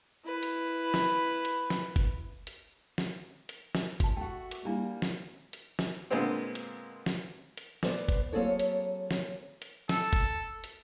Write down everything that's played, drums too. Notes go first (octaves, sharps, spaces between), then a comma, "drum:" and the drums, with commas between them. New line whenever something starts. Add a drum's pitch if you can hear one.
E4 B4
drum: hi-hat
drum: snare
drum: hi-hat
drum: snare
drum: kick, hi-hat
drum: hi-hat
drum: snare
drum: hi-hat
drum: snare
F#4 A5, drum: kick, hi-hat
A3 F#4 G5
A#4 D6, drum: hi-hat
G3 A#3 D4 E4 D5
drum: snare
drum: hi-hat
drum: snare
A#2 D3 G#3 B3 C4
drum: hi-hat
drum: snare
drum: hi-hat
B3 B4 C5 D5, drum: snare
drum: kick, hi-hat
F#3 A#3 C4 G#4 A4 C#5
drum: hi-hat
drum: snare
drum: hi-hat
A4, drum: snare
drum: kick, hi-hat
drum: hi-hat